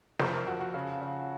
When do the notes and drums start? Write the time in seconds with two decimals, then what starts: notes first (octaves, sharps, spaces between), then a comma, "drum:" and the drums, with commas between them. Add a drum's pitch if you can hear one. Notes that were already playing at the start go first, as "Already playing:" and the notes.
0.19 F2 C5, drum: snare
0.33 A#4
0.47 F2 F#4
0.60 F#4
0.74 C#3
1.01 C#3